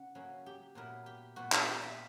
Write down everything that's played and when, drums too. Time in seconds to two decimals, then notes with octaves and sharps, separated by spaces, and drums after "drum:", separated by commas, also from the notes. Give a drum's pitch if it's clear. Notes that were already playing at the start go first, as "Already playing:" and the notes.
Already playing: C#3 F#5
0.15 F#3 A#3 C#4
0.46 G4
0.75 A#2 F#3 B3 E4 A#4
1.06 G4
1.36 A#2 G3 B3 F#4
1.52 G4, drum: clap
1.67 G4
1.82 E5